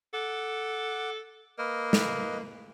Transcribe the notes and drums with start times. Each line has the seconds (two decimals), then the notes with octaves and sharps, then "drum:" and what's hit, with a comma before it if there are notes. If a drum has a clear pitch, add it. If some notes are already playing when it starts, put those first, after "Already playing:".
0.14 A4 F#5 D6
1.59 A#3 B4 D#5
1.93 drum: snare